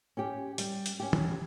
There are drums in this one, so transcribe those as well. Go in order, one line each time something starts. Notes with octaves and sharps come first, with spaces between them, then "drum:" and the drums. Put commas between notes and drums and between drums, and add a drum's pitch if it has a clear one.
C#4 G4
G3, drum: hi-hat
drum: hi-hat
C#4 G4
drum: tom